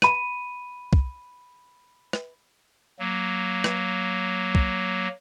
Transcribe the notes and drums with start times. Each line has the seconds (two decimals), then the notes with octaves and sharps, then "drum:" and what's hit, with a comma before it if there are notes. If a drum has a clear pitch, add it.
0.02 B5 D#7, drum: rim click
0.93 drum: kick
2.13 drum: rim click
2.99 F#3 A#3
3.64 drum: rim click
4.55 drum: kick